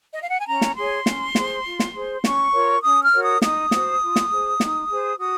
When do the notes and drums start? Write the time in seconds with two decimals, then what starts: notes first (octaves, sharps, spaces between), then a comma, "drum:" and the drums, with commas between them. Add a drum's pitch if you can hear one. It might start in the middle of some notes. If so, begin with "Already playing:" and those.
0.12 D#5
0.22 F5
0.30 F#5
0.38 G#5
0.47 C#4 A#5
0.61 drum: snare
0.76 G#4 C#5 C6
1.06 C#4, drum: snare
1.35 G#4 C5, drum: snare
1.65 F4
1.80 drum: snare
1.94 G#4 C5
2.24 C#4 C#6, drum: snare
2.53 F4 A#4 C#5
2.82 C#4 D#6
3.03 F6
3.13 F#4 A#4 C#5
3.22 D#6
3.42 D#4 D#6, drum: snare
3.71 F#4 C5, drum: snare
4.01 F4
4.16 drum: snare
4.31 G#4 C5
4.60 D#4, drum: snare
4.90 G#4 C5
5.19 F#4 D#6